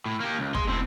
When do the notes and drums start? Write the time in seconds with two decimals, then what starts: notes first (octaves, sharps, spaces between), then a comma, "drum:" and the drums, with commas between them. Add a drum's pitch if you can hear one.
0.06 A2
0.20 A#3 G4
0.39 C#2
0.55 G#4 C6, drum: kick
0.68 A2 C4